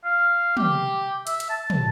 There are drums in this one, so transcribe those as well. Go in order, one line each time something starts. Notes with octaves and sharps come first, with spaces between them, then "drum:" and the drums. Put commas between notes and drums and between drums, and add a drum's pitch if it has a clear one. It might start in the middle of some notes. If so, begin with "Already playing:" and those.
F5
G4, drum: tom
E5, drum: hi-hat
drum: hi-hat
A5
drum: tom